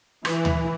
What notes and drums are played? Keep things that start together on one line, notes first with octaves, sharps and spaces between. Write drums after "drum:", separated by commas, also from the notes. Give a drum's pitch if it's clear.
E3, drum: rim click
drum: tom D2